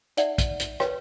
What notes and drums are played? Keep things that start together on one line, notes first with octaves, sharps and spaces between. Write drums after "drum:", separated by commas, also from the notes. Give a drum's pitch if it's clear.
D#4 D5 E5 F#5, drum: hi-hat
drum: kick, hi-hat
drum: hi-hat
B4 C#5 G5, drum: rim click